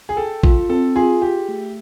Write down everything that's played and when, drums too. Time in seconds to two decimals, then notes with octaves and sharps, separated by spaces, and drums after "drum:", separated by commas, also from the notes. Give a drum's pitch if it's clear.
0.09 G#4
0.17 A4 G5
0.43 F4, drum: kick A1
0.69 C4 A4
0.96 F4 G#4
1.22 G4 G#4
1.48 A3